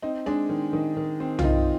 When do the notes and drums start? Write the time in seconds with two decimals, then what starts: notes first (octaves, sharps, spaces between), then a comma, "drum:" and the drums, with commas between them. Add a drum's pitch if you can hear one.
0.02 C4 D#4
0.26 G#3 D4
0.49 D#3
0.73 D#3
0.97 D#3
1.20 C4
1.39 F4, drum: tom
1.43 D#3 D#4